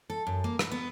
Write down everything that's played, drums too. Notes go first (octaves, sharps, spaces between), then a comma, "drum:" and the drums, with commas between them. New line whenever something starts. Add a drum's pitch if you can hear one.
A4
F#2
A#3
B4, drum: rim click
B3